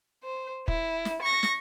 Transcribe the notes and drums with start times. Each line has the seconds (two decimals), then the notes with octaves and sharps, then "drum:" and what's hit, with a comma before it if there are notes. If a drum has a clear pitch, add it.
0.24 C5
0.68 E4, drum: kick
1.05 drum: snare
1.22 C#6 A#6
1.43 drum: snare